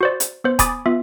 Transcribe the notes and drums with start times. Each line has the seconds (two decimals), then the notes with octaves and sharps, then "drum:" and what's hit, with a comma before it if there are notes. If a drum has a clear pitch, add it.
0.01 F#4 C5 D5
0.20 drum: hi-hat
0.44 B3 C5
0.59 G#5 B5 D6 D#6 A6, drum: kick D#1, hi-hat
0.86 B3 F4 E5